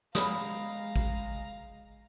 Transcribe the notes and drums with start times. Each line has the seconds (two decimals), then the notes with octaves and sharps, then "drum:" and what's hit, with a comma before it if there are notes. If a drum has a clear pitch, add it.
0.15 G#3 B3 C#4 B4 F5 A#5 D#6, drum: snare
0.96 drum: kick A1